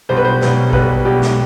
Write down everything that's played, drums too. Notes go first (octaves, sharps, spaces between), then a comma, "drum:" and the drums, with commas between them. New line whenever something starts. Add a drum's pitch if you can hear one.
B1 B2 G3 C5
B4
C5
B1 B2 G3, drum: snare
A4
B1 B2 G3 B4, drum: kick A#1
B1 B2 G3 G4
drum: snare